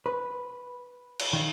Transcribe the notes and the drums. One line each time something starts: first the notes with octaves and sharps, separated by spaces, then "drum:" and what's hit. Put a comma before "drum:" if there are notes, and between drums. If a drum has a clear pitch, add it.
B4
drum: cymbal
D#3